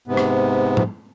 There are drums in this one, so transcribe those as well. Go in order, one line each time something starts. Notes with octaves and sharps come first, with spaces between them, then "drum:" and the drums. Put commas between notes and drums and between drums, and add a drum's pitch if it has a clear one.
G#2 C3 B3
drum: rim click
drum: tom